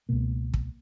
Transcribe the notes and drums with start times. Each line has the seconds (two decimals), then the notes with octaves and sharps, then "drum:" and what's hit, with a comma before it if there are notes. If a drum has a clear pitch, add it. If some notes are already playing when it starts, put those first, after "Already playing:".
0.09 C#2 B2 A#3
0.54 drum: kick